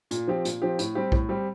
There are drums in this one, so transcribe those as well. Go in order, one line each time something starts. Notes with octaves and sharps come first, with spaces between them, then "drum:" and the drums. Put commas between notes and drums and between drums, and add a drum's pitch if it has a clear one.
A#2, drum: hi-hat
F3 C4 G4
A#2, drum: hi-hat
F3 C4 G4
A2, drum: hi-hat
G3 C4 G4
A2, drum: kick B1
G3 C4 G4